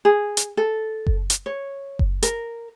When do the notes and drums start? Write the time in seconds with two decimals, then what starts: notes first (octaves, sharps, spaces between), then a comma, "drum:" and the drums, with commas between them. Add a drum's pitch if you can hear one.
0.05 G#4
0.37 drum: hi-hat
0.57 A4
1.07 drum: kick F#1
1.30 drum: hi-hat
1.46 C#5
1.99 drum: kick F#1
2.22 A#4, drum: hi-hat